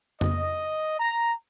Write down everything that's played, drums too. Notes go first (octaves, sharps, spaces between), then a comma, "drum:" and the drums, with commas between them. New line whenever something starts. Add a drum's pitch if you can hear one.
D#5, drum: tom F2
A#5